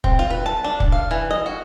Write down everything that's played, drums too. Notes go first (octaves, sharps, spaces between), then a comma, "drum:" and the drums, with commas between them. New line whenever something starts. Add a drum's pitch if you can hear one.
C4, drum: kick
F4
B4
A5
D4
drum: kick
F5
E3
D#5
F#4